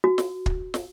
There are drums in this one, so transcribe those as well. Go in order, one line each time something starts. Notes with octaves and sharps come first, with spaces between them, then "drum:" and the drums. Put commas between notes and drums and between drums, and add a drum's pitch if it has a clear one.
F#4
drum: snare
drum: kick
drum: snare